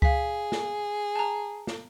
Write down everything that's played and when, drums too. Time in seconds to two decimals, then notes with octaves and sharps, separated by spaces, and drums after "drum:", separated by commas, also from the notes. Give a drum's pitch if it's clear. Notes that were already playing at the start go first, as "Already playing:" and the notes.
0.02 G#4 F5 B6, drum: kick C#2
0.52 drum: snare
1.16 A5 A#5
1.67 drum: snare